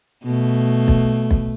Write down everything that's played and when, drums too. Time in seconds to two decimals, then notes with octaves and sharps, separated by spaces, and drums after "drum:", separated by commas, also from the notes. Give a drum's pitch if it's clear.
0.24 B2 A3
0.88 drum: kick
1.31 drum: kick